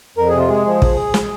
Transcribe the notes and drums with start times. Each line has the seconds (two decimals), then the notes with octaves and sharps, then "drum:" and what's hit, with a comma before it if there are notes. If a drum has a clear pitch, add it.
0.17 F2 A#4
0.29 C3 G#4
0.39 F4
0.48 G#3 G#4
0.66 F3
0.82 drum: kick
1.14 drum: snare